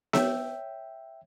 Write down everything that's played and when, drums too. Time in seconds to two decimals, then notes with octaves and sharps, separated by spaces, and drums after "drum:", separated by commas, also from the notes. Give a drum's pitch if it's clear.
0.13 C#5 E5 G5 E6, drum: snare B3